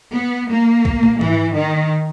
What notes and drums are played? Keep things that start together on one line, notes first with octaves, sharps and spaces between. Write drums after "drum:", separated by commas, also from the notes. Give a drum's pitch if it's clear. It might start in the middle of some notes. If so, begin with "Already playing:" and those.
B3
A#3
drum: kick C2
drum: tom
E3, drum: tom G#2
D#3